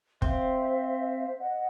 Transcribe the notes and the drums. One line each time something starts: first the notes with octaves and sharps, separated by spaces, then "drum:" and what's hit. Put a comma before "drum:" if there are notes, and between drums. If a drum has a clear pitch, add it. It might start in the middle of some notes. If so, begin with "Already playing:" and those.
C4 C5 E5 F5, drum: kick
D#5 F#5